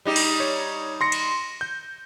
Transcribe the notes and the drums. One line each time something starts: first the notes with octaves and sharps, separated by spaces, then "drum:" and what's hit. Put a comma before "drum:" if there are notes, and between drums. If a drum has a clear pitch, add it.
G3 D#4 G4
drum: cymbal
C#5
C6 A#6 C#7
drum: cymbal
G6